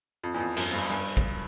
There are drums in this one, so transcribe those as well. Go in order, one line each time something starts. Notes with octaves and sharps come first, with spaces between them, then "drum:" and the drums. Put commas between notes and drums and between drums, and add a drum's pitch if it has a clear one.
F2
E2
F2
F#2, drum: cymbal
G2
G2
drum: kick A1